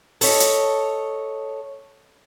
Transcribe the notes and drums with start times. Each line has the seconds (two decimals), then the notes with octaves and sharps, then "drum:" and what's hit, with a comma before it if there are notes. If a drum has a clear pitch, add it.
0.21 A4 C#5 D#5, drum: open hi-hat
0.40 drum: hi-hat